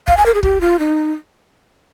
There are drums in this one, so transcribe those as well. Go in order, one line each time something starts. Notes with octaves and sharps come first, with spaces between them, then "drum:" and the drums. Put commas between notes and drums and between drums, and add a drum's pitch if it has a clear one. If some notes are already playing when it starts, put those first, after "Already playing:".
F5, drum: kick
G#5
A#4
G#4
G4, drum: kick
F4
D#4